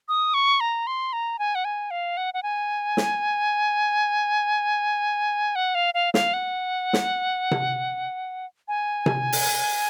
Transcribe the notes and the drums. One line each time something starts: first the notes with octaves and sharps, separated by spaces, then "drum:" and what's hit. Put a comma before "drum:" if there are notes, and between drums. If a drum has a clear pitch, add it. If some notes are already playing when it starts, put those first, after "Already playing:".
D#6
C#6
A#5
C6
A#5
G#5
F#5
G#5
F5
F#5
F#5
G#5
drum: snare
F#5
F5
F5
F5, drum: snare
F#5
drum: snare
drum: tom C3
G#5
drum: tom C3
drum: open hi-hat